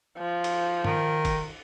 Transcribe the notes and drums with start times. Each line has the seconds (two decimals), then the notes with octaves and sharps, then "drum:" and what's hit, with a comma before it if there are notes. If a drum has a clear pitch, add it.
0.18 F3
0.44 drum: cymbal
0.85 D#3, drum: tom
1.25 drum: kick, cymbal